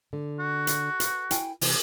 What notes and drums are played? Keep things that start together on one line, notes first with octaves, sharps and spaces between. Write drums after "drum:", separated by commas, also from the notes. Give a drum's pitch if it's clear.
D3
F#4
drum: hi-hat
B4, drum: hi-hat
E4 G5 G#5, drum: hi-hat
C3 E3, drum: open hi-hat